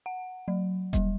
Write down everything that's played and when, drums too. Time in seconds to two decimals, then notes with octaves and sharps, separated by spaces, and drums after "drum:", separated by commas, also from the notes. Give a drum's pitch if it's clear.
0.06 F#5
0.48 F#3
0.93 G3, drum: kick E1, hi-hat